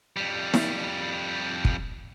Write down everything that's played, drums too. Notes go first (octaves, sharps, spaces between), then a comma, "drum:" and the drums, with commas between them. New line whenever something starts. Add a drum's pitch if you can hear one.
F2 G3
drum: snare
drum: kick